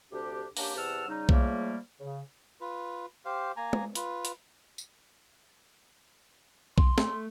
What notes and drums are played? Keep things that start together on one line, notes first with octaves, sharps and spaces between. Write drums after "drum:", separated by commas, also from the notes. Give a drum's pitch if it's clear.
D2 C3 D4 G4
A#3 C#4 D4 G4, drum: open hi-hat
E2 C3 F#5 A5 E6 F6
C#3 G3 D#4
C#3 F3 G3 A3 A#3, drum: kick B1
C#3
F4 B4
G4 C5 F5
A#3 G#5 A#5
drum: tom
F4 B4, drum: hi-hat
drum: hi-hat
drum: tambourine
C6, drum: kick B1
A3, drum: snare